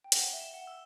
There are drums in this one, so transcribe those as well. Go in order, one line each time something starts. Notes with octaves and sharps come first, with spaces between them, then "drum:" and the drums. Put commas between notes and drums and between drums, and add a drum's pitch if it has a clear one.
G5
F#5 G7, drum: hi-hat
E5
E7
F#5
E6